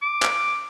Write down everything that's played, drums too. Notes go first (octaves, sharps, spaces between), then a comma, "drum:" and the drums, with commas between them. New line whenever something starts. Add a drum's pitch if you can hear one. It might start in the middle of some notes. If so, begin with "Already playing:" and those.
D6
drum: clap